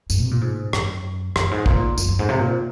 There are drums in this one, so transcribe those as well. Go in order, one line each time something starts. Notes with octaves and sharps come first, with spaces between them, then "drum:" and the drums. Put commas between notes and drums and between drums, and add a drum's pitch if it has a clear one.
F#2, drum: tambourine
C3
A#2
G#2
F#2, drum: rim click
F#2, drum: rim click
G#2
A#2, drum: kick
F#2, drum: tambourine
F#2
G#2
C3
A#2